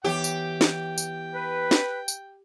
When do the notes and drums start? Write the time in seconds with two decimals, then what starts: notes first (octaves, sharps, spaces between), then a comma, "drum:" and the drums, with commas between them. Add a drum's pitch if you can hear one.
0.04 E3 B3 G4 C#5 G5
0.24 drum: tambourine
0.61 drum: snare
0.98 drum: tambourine
1.34 B4
1.71 drum: snare
2.08 drum: tambourine